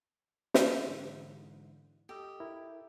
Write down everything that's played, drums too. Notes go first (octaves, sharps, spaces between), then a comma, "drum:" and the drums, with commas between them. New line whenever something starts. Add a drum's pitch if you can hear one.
drum: snare
G#2 D3 E3
G4 A4 D#5 E6
E4 A#4